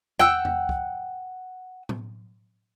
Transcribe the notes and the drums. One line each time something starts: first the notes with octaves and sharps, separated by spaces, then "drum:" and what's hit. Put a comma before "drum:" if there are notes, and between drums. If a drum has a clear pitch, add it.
F#5 G5 E6, drum: tom E2
drum: tom E2
drum: kick
drum: tom A2